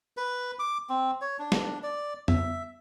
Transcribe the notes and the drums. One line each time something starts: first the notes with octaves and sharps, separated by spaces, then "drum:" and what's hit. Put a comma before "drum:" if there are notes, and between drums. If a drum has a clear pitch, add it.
B4
D6
C4
C#5
D4
drum: snare
D5
E5, drum: tom